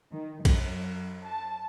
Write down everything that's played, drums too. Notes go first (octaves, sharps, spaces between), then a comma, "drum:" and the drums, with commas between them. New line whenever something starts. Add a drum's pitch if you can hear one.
D#3
F#2, drum: kick A#1, cymbal
A5